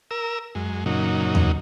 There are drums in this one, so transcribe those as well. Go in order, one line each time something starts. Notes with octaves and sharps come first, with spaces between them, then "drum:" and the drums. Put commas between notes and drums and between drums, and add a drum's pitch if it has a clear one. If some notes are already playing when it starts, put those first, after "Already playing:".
A#4 E6
F#2 G#3
F#2 A#2 C#3 F#3 D#4
drum: tom D#2